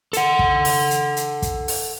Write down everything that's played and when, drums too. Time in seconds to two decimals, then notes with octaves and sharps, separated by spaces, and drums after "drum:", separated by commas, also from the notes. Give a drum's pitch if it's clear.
0.13 A4 F#5, drum: hi-hat
0.39 drum: kick
0.65 drum: open hi-hat
0.91 drum: hi-hat
1.17 drum: hi-hat
1.42 drum: kick, hi-hat
1.68 drum: open hi-hat